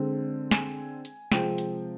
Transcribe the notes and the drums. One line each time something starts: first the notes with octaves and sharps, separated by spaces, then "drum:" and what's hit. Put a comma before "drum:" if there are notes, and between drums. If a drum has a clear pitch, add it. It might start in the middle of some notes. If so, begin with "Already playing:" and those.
Already playing: D3 G#3 C4
G#5, drum: snare
drum: hi-hat
C3 F3 G#3 C4 G5, drum: snare
drum: hi-hat